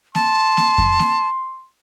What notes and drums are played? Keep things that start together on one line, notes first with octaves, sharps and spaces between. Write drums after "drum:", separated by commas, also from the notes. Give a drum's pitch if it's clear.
A5 C6, drum: snare A#3
drum: snare A#3
drum: kick F2
drum: snare A#3